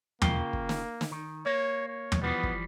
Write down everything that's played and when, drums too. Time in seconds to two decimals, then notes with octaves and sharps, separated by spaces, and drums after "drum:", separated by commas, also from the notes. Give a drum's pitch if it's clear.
0.22 C#3 A#3 F4 G5, drum: tom
0.53 drum: kick
0.69 drum: snare
1.01 drum: snare
1.11 D#3
1.46 A#3 C#5
1.88 C#5
2.12 drum: tom
2.22 E3 F3 G3 B3
2.43 drum: kick